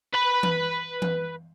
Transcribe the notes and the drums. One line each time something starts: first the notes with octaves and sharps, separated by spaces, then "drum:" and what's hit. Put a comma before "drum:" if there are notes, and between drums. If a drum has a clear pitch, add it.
B4 B5
drum: tom E3
drum: tom E3